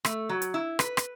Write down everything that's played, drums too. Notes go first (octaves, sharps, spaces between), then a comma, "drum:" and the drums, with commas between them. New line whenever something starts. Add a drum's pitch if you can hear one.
A3, drum: rim click
F#3
drum: hi-hat
E4
B4, drum: rim click
drum: rim click